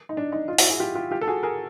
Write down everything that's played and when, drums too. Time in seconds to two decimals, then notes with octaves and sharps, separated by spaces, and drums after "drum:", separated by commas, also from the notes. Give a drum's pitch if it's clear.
0.09 D#4
0.17 D4
0.32 D#4
0.48 D#4 F4
0.58 E4 F#4, drum: open hi-hat
0.69 F#4 G#4
0.79 F4 G4
0.95 F4 G4
1.11 F4 G4
1.21 A4
1.27 F#4 G#4
1.43 G#4 A#4